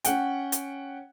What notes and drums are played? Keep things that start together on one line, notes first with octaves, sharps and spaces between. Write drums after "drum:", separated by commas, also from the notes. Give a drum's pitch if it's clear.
C#4 F#5 G5, drum: hi-hat
drum: hi-hat